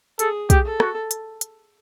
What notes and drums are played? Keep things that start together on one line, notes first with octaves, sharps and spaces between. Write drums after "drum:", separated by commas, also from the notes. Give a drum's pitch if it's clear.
G#4 A4, drum: hi-hat
G4, drum: kick, hi-hat
A4
F#4, drum: rim click
drum: hi-hat
drum: hi-hat